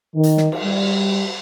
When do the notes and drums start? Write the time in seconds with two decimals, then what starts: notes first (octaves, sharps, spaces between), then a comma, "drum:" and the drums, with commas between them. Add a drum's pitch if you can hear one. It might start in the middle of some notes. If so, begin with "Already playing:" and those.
0.14 D#3
0.23 drum: hi-hat
0.37 drum: snare
0.52 drum: cymbal
0.64 G3